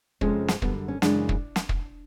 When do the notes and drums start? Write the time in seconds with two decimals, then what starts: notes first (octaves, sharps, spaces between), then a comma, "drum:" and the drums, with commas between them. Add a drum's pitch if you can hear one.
0.21 F2 C3 F3 G#3 C#4, drum: kick
0.48 drum: snare
0.62 F#2 D3 G3 B3, drum: kick
0.88 C#4
1.02 F#2 C#3 E3 G#3 D4, drum: snare
1.29 drum: kick
1.56 drum: snare
1.69 drum: kick